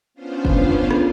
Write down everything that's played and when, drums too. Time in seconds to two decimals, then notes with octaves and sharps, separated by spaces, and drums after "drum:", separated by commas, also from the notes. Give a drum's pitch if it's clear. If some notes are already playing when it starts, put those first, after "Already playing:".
0.14 B3 C#4 D4 F4 C5 F5
0.45 drum: kick F1
0.91 drum: rim click